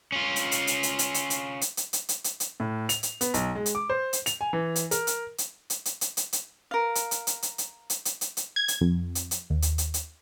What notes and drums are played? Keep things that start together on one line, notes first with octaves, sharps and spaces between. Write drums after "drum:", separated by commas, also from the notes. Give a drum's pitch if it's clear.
C#4 F4
drum: hi-hat
drum: hi-hat
drum: hi-hat
drum: hi-hat
drum: hi-hat
drum: hi-hat
drum: hi-hat
drum: hi-hat
drum: hi-hat
drum: hi-hat
drum: hi-hat
drum: hi-hat
drum: hi-hat
A2
F7, drum: hi-hat
drum: hi-hat
B3, drum: hi-hat
B1, drum: hi-hat
G#3
drum: hi-hat
D6
C5
drum: hi-hat
F7, drum: hi-hat
G#5
E3
drum: hi-hat
A#4, drum: hi-hat
drum: hi-hat
drum: hi-hat
drum: hi-hat
drum: hi-hat
drum: hi-hat
drum: hi-hat
drum: hi-hat
A#4 F5
drum: hi-hat
drum: hi-hat
drum: hi-hat
drum: hi-hat
drum: hi-hat
drum: hi-hat
drum: hi-hat
drum: hi-hat
drum: hi-hat
G#6
drum: hi-hat
F2
drum: hi-hat
drum: hi-hat
D#2
drum: hi-hat
drum: hi-hat
drum: hi-hat